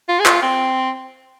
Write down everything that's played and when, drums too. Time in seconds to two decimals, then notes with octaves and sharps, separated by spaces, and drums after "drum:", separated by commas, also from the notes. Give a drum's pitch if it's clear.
0.09 F4
0.20 G#4
0.26 F4, drum: clap
0.43 C4